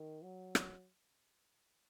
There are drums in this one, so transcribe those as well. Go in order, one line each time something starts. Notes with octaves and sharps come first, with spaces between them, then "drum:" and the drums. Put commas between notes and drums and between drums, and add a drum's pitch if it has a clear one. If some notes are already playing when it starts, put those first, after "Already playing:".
Already playing: D#3
F#3
drum: rim click